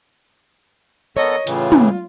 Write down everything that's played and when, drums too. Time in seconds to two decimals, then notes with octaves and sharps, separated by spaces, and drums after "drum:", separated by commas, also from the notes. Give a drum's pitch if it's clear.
1.17 B3 A4 A#4 C#5 D#5
1.47 A2 C#3 E3 F4, drum: hi-hat
1.72 drum: tom